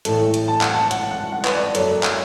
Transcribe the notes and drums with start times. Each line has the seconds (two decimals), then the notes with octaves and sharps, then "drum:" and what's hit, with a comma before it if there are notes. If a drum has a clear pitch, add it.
0.05 A1 A2 A3 A4, drum: hi-hat
0.34 drum: hi-hat
0.48 A5
0.61 F#5, drum: clap
0.74 A5
0.91 F#5, drum: hi-hat
1.11 F#5
1.32 F#5
1.45 B4, drum: clap
1.54 D5
1.75 F#1 F#2 F#3 A4, drum: hi-hat
2.03 drum: clap